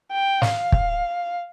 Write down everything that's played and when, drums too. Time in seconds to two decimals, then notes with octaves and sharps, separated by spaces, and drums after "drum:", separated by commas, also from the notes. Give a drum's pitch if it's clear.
0.12 G5
0.42 F5, drum: snare
0.72 drum: kick